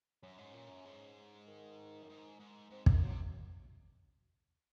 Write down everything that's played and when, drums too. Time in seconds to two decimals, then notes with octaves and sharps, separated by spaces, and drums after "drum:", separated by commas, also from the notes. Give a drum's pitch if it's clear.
0.23 F#2 C#4
0.38 G#2
0.54 A#2
0.69 F#2
0.85 G#2
1.48 D#3
2.03 F#2
2.10 G#2
2.40 G#2
2.71 G#2 C4
2.86 G#2 A#3, drum: kick
3.02 C3 F#3